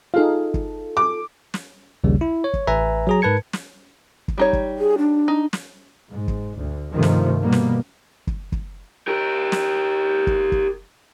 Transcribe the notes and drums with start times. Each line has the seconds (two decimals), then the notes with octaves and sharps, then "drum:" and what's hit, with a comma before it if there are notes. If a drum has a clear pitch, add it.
0.14 D#4 F4 G#4 A4 F5
0.54 drum: kick
0.97 D6
1.54 drum: snare
2.04 A#1 D#2 C#3 G3
2.21 E4
2.44 C#5
2.54 drum: kick
2.67 A1 B4 E5 G#5 A#5
3.07 F#3 G#4 A#5
3.22 G#2 A#4 B4 A5 G#6 C#7
3.53 drum: snare
4.28 drum: kick
4.38 G3 D#4 C#5
4.53 drum: kick
4.79 G#4
4.98 D4
5.28 D#4
5.53 drum: snare
6.09 G#2
6.28 drum: kick
6.58 D2
6.93 G2 C3 D#3 F3 A3
7.03 drum: snare
7.43 B2 G3 A#3 B3
7.52 drum: snare
8.27 drum: kick
8.52 drum: kick
9.08 G4 A#4
9.52 drum: snare
10.27 drum: kick
10.52 drum: kick